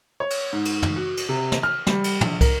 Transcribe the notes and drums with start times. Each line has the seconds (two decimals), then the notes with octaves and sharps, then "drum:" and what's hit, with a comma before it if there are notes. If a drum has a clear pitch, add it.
0.20 C#5
0.30 drum: cymbal
0.53 G#2
0.65 drum: cymbal
0.82 drum: tom
0.96 F#4
1.17 drum: cymbal
1.29 C3
1.52 drum: snare
1.63 F6
1.87 G3, drum: snare
2.04 drum: cymbal
2.21 A#1, drum: tom
2.41 A#4, drum: kick, cymbal